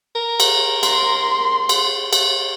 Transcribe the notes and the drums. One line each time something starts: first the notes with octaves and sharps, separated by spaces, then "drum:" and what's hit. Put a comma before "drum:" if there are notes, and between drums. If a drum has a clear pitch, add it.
A#4
drum: cymbal
C6, drum: cymbal
drum: cymbal
drum: cymbal